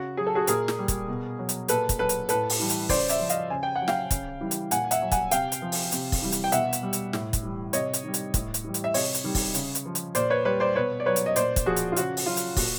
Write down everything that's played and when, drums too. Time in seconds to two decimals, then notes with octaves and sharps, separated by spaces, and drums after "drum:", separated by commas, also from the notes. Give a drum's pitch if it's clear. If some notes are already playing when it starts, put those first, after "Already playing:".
Already playing: C#3 F#4
0.17 F#3 G#4
0.27 A4
0.35 F#4 G#4
0.47 A#2 G#4 A#4, drum: hi-hat
0.68 drum: snare
0.79 G3
0.88 drum: kick, hi-hat
1.08 B2
1.39 F#3
1.49 drum: hi-hat
1.68 A#2 A4 B4, drum: hi-hat
1.89 drum: kick, hi-hat
1.99 F#3 A4 B4
2.09 drum: hi-hat
2.29 A2 A4 B4, drum: hi-hat
2.50 drum: open hi-hat
2.60 E3 G3
2.70 drum: hi-hat
2.89 C#3 C5 D5, drum: kick, open hi-hat
3.09 D5 E5, drum: hi-hat
3.21 F3
3.30 D#5 F5, drum: hi-hat
3.50 C#3 G#5
3.63 G5
3.75 F#5
3.81 F#3
3.88 F5 G5, drum: snare
4.11 C#3, drum: kick, hi-hat
4.41 E3 G3
4.51 drum: hi-hat
4.71 A#2 F#5 G#5, drum: hi-hat
4.91 E5 F#5, drum: hi-hat
5.02 F#3
5.12 F#5 G#5, drum: kick, hi-hat
5.31 C3 F5 G5, drum: hi-hat
5.52 drum: hi-hat
5.62 F3
5.72 drum: open hi-hat
5.92 C3, drum: hi-hat
6.12 drum: kick, open hi-hat
6.22 E3 G3
6.32 drum: hi-hat
6.44 G5
6.52 B2 E5 F#5, drum: hi-hat
6.73 drum: hi-hat
6.83 G3
6.93 drum: hi-hat
7.13 A2, drum: snare
7.33 drum: kick, hi-hat
7.43 E3 G3
7.73 C3 C#5 D#5, drum: hi-hat
7.94 drum: hi-hat
8.04 D#3 G3
8.14 drum: hi-hat
8.34 A2, drum: kick, hi-hat
8.54 drum: hi-hat
8.64 E3 G3
8.74 drum: hi-hat
8.84 E5
8.94 C3 C#5 D#5, drum: open hi-hat
9.14 drum: hi-hat
9.24 D#3 G3
9.35 drum: kick, open hi-hat
9.55 C#3, drum: hi-hat
9.75 drum: hi-hat
9.86 F3
9.95 drum: hi-hat
10.15 A#2 C5 D5, drum: hi-hat
10.30 B4 C#5
10.45 G3 B4 C#5
10.60 C5 D5
10.75 B2 B4 C#5
11.00 D5
11.06 F#3 B4 C#5
11.16 drum: hi-hat
11.26 D#5
11.36 A#2 C5 D5, drum: hi-hat
11.56 drum: kick, hi-hat
11.66 F3 F#4 G#4
11.76 drum: hi-hat
11.92 F4
11.96 C#3 F#4, drum: hi-hat
12.17 drum: open hi-hat
12.26 F#3 F4
12.37 drum: hi-hat
12.57 A#2 F#4, drum: kick, open hi-hat